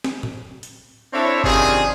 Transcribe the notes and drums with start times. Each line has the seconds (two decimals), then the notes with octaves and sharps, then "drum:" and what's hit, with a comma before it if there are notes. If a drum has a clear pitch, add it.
0.04 drum: snare
0.23 drum: tom A2
0.63 drum: hi-hat
1.13 C4 D4 E4 A4 C#5 E5
1.44 C3 D#3 C#4 D4 F4 G#4, drum: kick G1